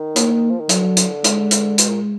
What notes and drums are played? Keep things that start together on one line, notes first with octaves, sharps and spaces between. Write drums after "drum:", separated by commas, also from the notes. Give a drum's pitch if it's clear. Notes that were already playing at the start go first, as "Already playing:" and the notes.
Already playing: D#3
A#3, drum: hi-hat
F3
D#3
D3 F#3, drum: hi-hat
drum: hi-hat
G#3, drum: hi-hat
drum: hi-hat
B2, drum: hi-hat
A#2